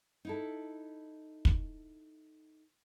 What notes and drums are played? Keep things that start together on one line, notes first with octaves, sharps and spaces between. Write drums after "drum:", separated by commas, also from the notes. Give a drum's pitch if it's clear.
D#4 E4 A4
drum: kick